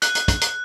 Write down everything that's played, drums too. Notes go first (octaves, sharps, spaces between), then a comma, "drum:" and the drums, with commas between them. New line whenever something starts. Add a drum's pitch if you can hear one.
F#6, drum: hi-hat
drum: hi-hat
drum: kick, hi-hat
drum: hi-hat